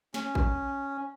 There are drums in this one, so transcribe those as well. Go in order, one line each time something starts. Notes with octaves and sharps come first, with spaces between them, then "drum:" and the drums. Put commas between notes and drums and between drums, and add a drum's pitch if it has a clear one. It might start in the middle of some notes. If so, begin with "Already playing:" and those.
C#4, drum: snare
drum: kick A1